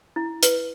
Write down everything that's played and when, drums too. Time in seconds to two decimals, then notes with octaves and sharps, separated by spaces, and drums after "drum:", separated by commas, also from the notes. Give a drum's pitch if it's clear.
0.16 E4
0.43 B4, drum: hi-hat